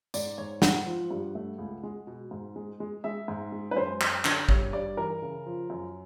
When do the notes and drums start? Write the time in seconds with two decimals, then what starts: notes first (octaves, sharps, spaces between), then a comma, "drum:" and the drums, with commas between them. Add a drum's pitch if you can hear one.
0.14 G#2 D5, drum: tambourine
0.38 G#2 C#5
0.62 G#2 F#5, drum: snare
0.86 F3
1.11 G2
1.35 A3
1.58 C#2
1.83 G#3
2.07 B2
2.31 G#2
2.56 G#3
2.80 G#3
3.04 G#3 E5
3.28 G#2
3.52 G#3
3.71 B4
3.76 F#2 C5
4.01 F#2, drum: clap
4.25 D3, drum: clap
4.49 G2 C#5, drum: kick
4.73 G2 D5
4.97 E3 A#4
5.22 C#3
5.46 F3
5.70 F#2